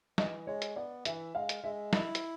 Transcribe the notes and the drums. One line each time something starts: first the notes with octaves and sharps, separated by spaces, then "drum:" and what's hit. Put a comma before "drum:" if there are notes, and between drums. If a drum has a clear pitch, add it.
E3 D#5, drum: snare
G#3 C#5
drum: hi-hat
B3 D5
E3 E5, drum: hi-hat
G#3 F5
drum: hi-hat
G#3 E5
E4 D#5, drum: snare
drum: hi-hat